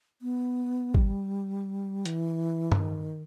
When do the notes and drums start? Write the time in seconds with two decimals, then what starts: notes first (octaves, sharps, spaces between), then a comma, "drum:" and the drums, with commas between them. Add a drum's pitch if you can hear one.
0.22 B3
0.94 G3, drum: kick G#1
2.05 E3, drum: hi-hat
2.72 C#3, drum: tom G2
2.78 D#3